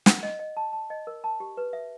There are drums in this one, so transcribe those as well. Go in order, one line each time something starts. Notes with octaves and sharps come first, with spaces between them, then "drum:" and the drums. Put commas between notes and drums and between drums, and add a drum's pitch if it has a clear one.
F#5, drum: snare
D#5
D#5
A5
A5
D#5
A#4
A5
G4
B4
E5